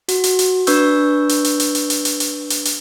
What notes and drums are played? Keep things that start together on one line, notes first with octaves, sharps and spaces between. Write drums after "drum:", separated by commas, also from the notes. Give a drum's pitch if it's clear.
F#4, drum: hi-hat
drum: hi-hat
drum: hi-hat
D4 B4 C#6 E6 G6, drum: hi-hat
drum: hi-hat
drum: hi-hat
drum: hi-hat
drum: hi-hat
drum: hi-hat
drum: hi-hat
drum: hi-hat
drum: hi-hat
drum: hi-hat